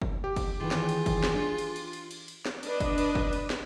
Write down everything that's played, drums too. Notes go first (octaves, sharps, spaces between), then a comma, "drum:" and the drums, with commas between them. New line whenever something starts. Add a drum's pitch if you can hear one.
drum: kick F#1
G4
drum: kick F#1, cymbal
D#3 E3 F4 G#4
drum: snare
drum: cymbal
drum: kick F#1, cymbal
drum: snare
D4
drum: cymbal
drum: cymbal
drum: cymbal
drum: cymbal
drum: cymbal
drum: snare
D4 B4 D#5, drum: cymbal
drum: kick F#1, cymbal
drum: cymbal
drum: kick F#1
drum: cymbal
drum: snare